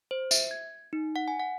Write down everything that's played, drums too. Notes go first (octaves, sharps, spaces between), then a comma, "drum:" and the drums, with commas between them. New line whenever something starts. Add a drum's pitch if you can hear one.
C5
E5, drum: tambourine
G#6
D#4
F#5
G#5
F#5